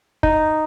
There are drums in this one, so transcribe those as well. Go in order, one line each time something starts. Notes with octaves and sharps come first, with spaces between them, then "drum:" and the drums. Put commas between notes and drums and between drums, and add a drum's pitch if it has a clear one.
D#4, drum: kick